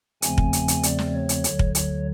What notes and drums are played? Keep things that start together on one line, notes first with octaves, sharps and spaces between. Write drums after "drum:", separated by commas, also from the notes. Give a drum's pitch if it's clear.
E2 C#3 F3 A3 C4 G#5, drum: hi-hat
drum: kick
drum: hi-hat
drum: hi-hat
D5, drum: hi-hat
drum: snare
C#5
drum: hi-hat
D2 D3 F#3, drum: hi-hat
drum: kick
C#5, drum: hi-hat